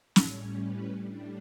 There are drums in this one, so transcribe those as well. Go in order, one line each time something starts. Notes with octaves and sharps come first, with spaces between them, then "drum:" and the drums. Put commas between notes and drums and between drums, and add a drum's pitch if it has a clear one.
A2 G3 C#4 C#5, drum: snare
B4
A2 G3 D4